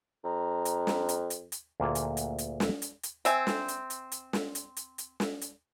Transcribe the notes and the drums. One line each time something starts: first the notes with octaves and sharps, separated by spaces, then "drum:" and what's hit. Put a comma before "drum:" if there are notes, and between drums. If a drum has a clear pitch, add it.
F2 A#5
drum: hi-hat
drum: snare
drum: hi-hat
drum: hi-hat
drum: hi-hat
D2 A#2 A#3 F4 G#4 A5
drum: hi-hat
drum: hi-hat
drum: hi-hat
drum: snare
drum: hi-hat
drum: hi-hat
C4 E5 G#5, drum: hi-hat
drum: snare
drum: hi-hat
drum: hi-hat
drum: hi-hat
drum: snare
drum: hi-hat
drum: hi-hat
drum: hi-hat
drum: snare
drum: hi-hat